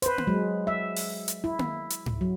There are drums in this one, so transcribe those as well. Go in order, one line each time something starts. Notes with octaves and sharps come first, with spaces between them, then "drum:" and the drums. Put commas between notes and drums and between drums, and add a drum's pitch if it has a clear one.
B4 C5, drum: hi-hat
drum: tom A#3
F#3 G#3
E5
drum: open hi-hat
drum: hi-hat
E4
drum: tom A#3
drum: hi-hat
drum: tom G#2
F#3